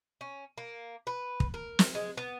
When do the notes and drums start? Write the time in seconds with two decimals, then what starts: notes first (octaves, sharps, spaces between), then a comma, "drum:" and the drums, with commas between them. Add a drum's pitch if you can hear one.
0.21 C#4
0.58 A#3
1.07 B4
1.40 drum: kick
1.54 A#4
1.79 drum: snare
1.95 G#3
2.17 B3